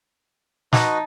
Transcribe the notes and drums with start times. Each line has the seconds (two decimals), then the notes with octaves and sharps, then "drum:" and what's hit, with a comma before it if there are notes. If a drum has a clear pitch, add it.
0.73 D#4 F#4 B4 D#5 A5, drum: snare